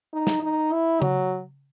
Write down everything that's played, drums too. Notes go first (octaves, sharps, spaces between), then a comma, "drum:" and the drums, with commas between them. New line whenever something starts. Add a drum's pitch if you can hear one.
D#4
drum: snare
D#4
E4
F#3, drum: tom C#3